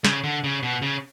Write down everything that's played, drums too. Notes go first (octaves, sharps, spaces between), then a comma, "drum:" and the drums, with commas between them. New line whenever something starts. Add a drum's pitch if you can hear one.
C#3, drum: snare
D3
C#3
B2
C#3